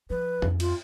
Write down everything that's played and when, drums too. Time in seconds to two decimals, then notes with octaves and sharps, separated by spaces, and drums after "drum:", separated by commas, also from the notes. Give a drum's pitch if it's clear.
0.10 F3 B4
0.42 F2 B3, drum: tom
0.60 F4, drum: cymbal